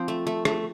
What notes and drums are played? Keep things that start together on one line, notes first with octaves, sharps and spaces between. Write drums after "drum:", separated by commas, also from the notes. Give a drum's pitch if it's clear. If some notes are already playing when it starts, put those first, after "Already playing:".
Already playing: F3 C4
A3
A3
A3, drum: rim click